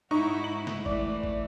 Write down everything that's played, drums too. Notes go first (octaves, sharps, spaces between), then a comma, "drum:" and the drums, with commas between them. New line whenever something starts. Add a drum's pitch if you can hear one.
G#2 D#4 E4 F#4 C#6
F#7
drum: snare
E3 A3 D5, drum: kick
drum: kick